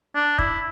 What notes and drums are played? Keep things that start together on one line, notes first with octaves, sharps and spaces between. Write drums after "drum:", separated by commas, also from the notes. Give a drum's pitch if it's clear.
D4
E4, drum: kick